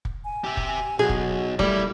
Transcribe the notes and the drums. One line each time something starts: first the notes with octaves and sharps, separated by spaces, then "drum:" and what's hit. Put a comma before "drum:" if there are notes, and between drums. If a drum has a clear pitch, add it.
drum: kick
G#5
G4 E5
drum: kick
G#5
B1 F#4 G#4
drum: kick
G3 A3 A#3 E4, drum: kick